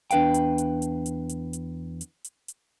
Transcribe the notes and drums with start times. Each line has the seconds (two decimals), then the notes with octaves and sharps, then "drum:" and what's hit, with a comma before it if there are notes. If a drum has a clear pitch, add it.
0.11 E2 D4 B4 F5 G5, drum: hi-hat
0.34 drum: hi-hat
0.58 drum: hi-hat
0.82 drum: hi-hat
1.06 drum: hi-hat
1.29 drum: hi-hat
1.53 drum: hi-hat
2.01 drum: hi-hat
2.24 drum: hi-hat
2.48 drum: hi-hat